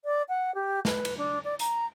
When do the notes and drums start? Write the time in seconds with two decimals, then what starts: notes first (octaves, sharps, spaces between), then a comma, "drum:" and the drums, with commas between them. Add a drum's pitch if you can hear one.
0.04 D5
0.28 F#5
0.54 G4
0.85 B4, drum: snare
1.05 drum: cymbal
1.17 D4
1.44 D5
1.59 A#5, drum: hi-hat